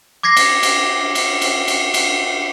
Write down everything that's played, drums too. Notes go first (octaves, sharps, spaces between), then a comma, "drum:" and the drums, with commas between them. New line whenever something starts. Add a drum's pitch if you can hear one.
D6 G#6 A#6 C7
drum: cymbal
drum: cymbal
drum: cymbal
drum: cymbal
drum: cymbal
drum: cymbal